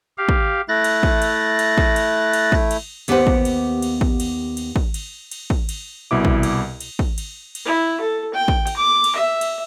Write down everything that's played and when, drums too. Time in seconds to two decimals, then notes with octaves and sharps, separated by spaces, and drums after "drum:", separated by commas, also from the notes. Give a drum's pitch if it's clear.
0.18 G4 F5
0.29 drum: kick
0.69 A3 E4 F#6 A6 A#6
0.84 drum: cymbal
1.03 drum: kick
1.22 drum: cymbal
1.59 drum: cymbal
1.78 drum: kick
1.96 drum: cymbal
2.33 drum: cymbal
2.52 drum: kick
2.71 drum: cymbal
3.08 D#2 B3 G4 B4 C5 F#5, drum: cymbal
3.27 drum: kick
3.45 drum: cymbal
3.82 drum: cymbal
4.01 drum: kick
4.20 drum: cymbal
4.57 drum: cymbal
4.76 drum: kick
4.94 drum: cymbal
5.31 drum: cymbal
5.50 drum: kick
5.69 drum: cymbal
6.11 C2 B2 E4 D6
6.25 drum: kick
6.43 drum: cymbal
6.81 drum: cymbal
6.99 drum: kick
7.18 drum: cymbal
7.55 drum: cymbal
7.66 E4
8.00 A4
8.34 G5
8.48 drum: kick
8.67 drum: cymbal
8.76 D6
9.04 drum: cymbal
9.16 E5
9.41 drum: cymbal